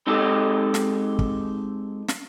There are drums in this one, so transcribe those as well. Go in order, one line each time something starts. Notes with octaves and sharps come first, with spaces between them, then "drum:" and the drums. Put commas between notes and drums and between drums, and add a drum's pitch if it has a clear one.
G#3 C4 D#4 G4 A4 D#5
drum: snare
drum: kick
drum: snare